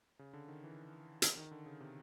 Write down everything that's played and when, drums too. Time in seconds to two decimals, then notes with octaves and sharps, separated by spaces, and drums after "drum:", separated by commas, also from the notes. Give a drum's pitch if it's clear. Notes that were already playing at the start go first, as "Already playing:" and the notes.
0.19 C#3
0.33 D3
0.48 D#3
0.64 E3
1.22 drum: hi-hat
1.37 D#3
1.51 D3
1.66 C#3
1.80 C3